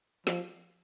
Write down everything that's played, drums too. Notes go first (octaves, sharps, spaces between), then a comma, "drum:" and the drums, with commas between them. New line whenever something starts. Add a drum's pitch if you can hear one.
F3, drum: snare